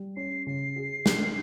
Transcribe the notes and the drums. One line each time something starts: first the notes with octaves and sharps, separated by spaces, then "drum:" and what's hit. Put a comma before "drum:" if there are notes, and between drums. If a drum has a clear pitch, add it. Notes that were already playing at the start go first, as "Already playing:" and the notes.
Already playing: G3
C#4 C7
C#3 C7
G#4
G3, drum: snare